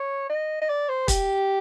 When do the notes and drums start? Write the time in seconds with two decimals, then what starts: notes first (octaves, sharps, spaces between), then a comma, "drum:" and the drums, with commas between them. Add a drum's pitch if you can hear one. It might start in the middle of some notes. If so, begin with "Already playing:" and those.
Already playing: C#5
0.29 D#5
0.62 D#5
0.69 D5
0.89 C5
1.08 G4, drum: kick, hi-hat